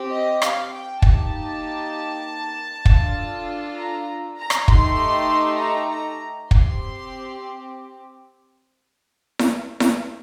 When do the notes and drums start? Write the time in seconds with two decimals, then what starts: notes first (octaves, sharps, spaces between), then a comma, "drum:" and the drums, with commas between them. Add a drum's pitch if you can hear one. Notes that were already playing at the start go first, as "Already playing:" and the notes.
Already playing: C4 G4
0.11 D#5
0.42 F5, drum: rim click
0.72 G5
1.02 A#3 D#4 G4 A5, drum: kick
2.85 D4 F4 A4, drum: kick
3.77 A#5
4.38 A#5
4.50 drum: rim click
4.68 A3 D#4 G4 C6, drum: kick
5.59 A#5
5.90 A#5
6.51 C4 G4 C6, drum: kick
9.39 drum: snare E4
9.80 drum: snare E4